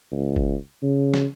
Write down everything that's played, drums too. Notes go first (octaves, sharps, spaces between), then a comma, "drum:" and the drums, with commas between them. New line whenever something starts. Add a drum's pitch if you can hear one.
C#2
drum: kick
C#3
drum: snare